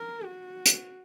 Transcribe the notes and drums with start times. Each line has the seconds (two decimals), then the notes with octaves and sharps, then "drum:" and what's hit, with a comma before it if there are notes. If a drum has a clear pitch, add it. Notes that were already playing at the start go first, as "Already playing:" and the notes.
Already playing: A#4
0.25 F#4
0.66 drum: hi-hat